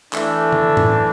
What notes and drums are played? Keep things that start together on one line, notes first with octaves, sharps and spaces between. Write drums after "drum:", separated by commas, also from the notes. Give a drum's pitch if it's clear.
E3 A3 D4, drum: clap
drum: tom D3
drum: tom A2